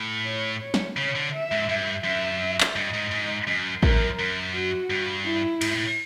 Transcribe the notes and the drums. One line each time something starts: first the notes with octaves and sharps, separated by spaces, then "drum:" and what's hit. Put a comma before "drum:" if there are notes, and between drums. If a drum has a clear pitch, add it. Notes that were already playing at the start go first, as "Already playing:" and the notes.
Already playing: A2
C#5
C#5
drum: snare
C#3 C#5
D3
E5
G#2
G2
F#2 E5
drum: clap
G2 D#5
G#2
G#2
F#2
F#2 A#4, drum: kick A1
F#2
F#4
G2
E4
G#2, drum: cymbal
A2